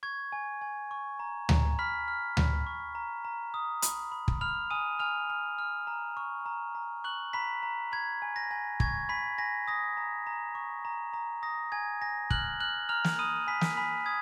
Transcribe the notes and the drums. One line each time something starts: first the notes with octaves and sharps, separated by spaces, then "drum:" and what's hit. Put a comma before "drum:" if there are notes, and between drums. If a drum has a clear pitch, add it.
C#6 G#6
G#5
G#5
C#6
A#5
A#5, drum: tom D2
B5 F6 B6
F6
B5, drum: tom D2
C#6
A#5
A#5
D#6
B5, drum: hi-hat
B5
drum: kick
B5 F6 F7
G#5 D#6 D#7
G#5 F6 F7
F6
F6
A#5
C#6
A#5
A#5
C#6 F#6 F#7
A#5 B5 B6
A#5
B5 G#6
G#5
A#6
G#5
C#6 G#6, drum: kick
G#5 B5 B6
G#5 A#6
D#6 A#6
A#5
A#5
C#6
A#5
A#5
D#6 A#6
G#5 G#6
G#5 A#6
F6 F#6 F#7, drum: kick
F6 F#6 F#7
A#5 F6 F7
drum: snare
B5 D#6 D#7
G#5 B5 B6
drum: snare
G#5 B5 B6
D#6 G#6